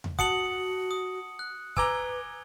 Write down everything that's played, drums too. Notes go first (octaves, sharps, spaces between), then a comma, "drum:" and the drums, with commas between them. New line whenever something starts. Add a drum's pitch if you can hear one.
drum: tom E2
F#4 F#5 A5 D#6 C#7 F#7, drum: kick
D#6
F#6
B4 G#5 A#5 D6 E6 G#6 G7, drum: kick